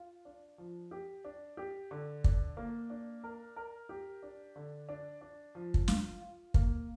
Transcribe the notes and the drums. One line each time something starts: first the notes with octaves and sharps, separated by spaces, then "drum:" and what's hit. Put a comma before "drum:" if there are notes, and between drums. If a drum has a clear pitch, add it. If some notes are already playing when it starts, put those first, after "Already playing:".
Already playing: F4
D4
F3
G4
D4
G4
D3
D4, drum: kick
A#3
D4
A#4
A#4
G4
D4
D3
D4
D4
F3
drum: kick
F4, drum: snare
F4
A#3, drum: kick